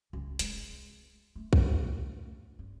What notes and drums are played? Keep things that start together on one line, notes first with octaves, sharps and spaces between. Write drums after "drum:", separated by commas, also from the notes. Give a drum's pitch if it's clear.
C#2
G#3, drum: hi-hat
A3
drum: kick
G2